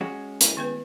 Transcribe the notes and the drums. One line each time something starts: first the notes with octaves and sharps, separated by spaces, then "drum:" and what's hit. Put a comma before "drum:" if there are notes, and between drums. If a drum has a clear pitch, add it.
G#3 C#4 F#4
E4, drum: hi-hat
D#3 B3 B4